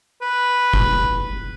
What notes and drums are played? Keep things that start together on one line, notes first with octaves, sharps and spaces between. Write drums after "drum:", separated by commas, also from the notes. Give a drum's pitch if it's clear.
B4
drum: kick F1